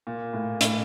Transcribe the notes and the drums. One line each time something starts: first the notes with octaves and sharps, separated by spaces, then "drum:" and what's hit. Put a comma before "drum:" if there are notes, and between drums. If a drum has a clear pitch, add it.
A#2
A2
A2, drum: hi-hat